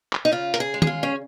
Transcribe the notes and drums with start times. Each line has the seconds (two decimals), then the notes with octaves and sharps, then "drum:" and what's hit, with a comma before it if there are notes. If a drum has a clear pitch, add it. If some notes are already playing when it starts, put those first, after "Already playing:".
0.13 drum: clap
0.25 D#4
0.32 C#3 F4
0.54 A#4, drum: hi-hat
0.60 G#4
0.74 G#3
0.82 G#4, drum: tom
0.87 F4
1.03 C#4